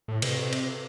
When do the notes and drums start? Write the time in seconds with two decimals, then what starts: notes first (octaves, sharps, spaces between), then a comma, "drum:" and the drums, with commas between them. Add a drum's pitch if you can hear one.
0.08 A2
0.22 C3, drum: cymbal
0.53 drum: cymbal